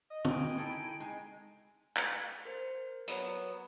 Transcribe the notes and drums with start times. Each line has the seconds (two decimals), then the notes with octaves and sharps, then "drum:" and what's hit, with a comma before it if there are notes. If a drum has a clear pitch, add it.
0.10 D#5
0.25 G5 G#5 B5, drum: tom
0.58 D#4 E4 A4 D7
1.00 G#3 D#4
1.97 drum: clap
2.45 A#4 C5
3.08 F#3 B3 F#5, drum: hi-hat